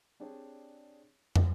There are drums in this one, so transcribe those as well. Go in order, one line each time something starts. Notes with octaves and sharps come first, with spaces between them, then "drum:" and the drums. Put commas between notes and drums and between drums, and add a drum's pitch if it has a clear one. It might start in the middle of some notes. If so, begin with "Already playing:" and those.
C4 D4 G4 G#4 C#5 D5
drum: tom